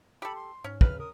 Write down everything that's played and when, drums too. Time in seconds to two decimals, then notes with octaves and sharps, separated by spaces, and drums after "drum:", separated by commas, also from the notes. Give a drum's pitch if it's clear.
0.22 G4 A4 B5
0.35 C6
0.64 G#2 C#4
0.81 C#3 B4 F6, drum: kick
1.00 A#4 D#6